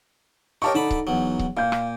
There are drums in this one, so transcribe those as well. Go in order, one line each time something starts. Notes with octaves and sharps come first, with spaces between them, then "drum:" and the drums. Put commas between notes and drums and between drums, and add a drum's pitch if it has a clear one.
D#4 G4 A#4 C#5 A5 C#6
D3 D#4 A5 B5
drum: kick C#1
E2 F#3
drum: kick C#1
A#2 F5 G6
drum: rim click